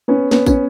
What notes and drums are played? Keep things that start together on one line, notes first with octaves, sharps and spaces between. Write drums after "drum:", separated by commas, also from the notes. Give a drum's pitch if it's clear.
B3 C#4
B3 C#4, drum: snare
B3 C#4, drum: kick, tambourine